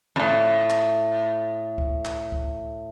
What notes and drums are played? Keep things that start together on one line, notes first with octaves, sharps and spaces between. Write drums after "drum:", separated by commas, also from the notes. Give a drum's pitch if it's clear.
F2 A2
drum: clap
drum: kick C#2
drum: clap
drum: kick C#2